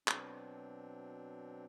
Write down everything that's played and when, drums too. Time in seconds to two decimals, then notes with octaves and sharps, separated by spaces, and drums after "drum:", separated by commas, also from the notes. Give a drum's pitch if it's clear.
0.08 B2 F#3 C4 D4, drum: clap